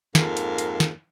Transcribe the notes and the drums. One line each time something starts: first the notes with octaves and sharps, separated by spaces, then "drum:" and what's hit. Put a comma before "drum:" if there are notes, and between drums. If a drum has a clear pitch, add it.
F2 G#2 A#3, drum: snare
drum: hi-hat
drum: hi-hat
drum: snare